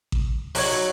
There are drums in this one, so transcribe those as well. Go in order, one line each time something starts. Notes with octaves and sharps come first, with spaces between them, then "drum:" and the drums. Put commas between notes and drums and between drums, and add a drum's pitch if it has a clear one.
drum: kick A1
F#3 D#4 F#4 C#5 C#6, drum: open hi-hat